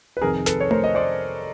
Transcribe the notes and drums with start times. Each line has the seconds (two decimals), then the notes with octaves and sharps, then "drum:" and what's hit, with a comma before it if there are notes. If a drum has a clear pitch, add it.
0.17 B4
0.22 F2 C3 D#3 G#4 A#4
0.46 A4 B4, drum: snare
0.60 C#5
0.71 A#4 C5, drum: tom A3
0.84 D#5
0.95 C5 D5